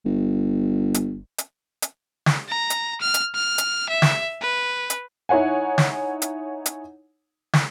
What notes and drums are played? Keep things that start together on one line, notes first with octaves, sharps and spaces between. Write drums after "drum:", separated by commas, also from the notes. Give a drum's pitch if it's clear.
G1
drum: hi-hat
drum: hi-hat
drum: hi-hat
drum: snare
A#5
drum: hi-hat
F6
drum: hi-hat
F6
drum: hi-hat
E5
drum: snare
B4
drum: hi-hat
D#4 E4 C#5 F#5 G#5
drum: snare
drum: hi-hat
drum: hi-hat
drum: snare